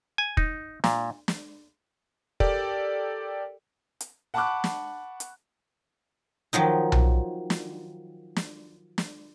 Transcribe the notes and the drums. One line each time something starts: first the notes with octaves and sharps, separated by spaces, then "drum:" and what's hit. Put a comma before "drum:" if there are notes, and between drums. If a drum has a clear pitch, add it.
G#5
D#4, drum: kick
A#2, drum: snare
drum: snare
G4 A4 A#4 D5 G5, drum: kick
drum: hi-hat
F#5 A5 B5 C#6 D6 F#6
drum: snare
drum: hi-hat
D#3 F3 F#3 D#4
drum: tom B1
drum: snare
drum: snare
drum: snare